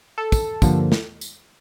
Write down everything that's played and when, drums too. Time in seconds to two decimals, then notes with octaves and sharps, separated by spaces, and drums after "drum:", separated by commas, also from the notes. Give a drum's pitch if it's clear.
0.18 A4
0.32 drum: kick, tambourine
0.62 G2 D3 F3 A#3, drum: kick, tambourine
0.92 drum: snare
1.21 drum: tambourine